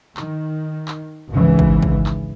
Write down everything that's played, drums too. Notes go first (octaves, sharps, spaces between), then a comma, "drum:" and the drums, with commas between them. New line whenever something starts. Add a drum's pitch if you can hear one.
D#3, drum: clap
drum: clap
G#1 C#2 G#2 C#3 E3
drum: kick
drum: kick
drum: clap